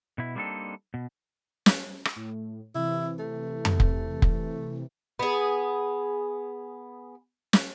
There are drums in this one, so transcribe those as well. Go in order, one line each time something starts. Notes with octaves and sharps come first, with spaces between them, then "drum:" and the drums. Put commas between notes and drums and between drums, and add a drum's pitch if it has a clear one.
B2 E4
G3 A#3 C4 D4 D#4 A4
B2
drum: snare
drum: rim click
A2
C3 E3 E4
A3
drum: tom F2
drum: kick
drum: kick
B3 G#4
drum: snare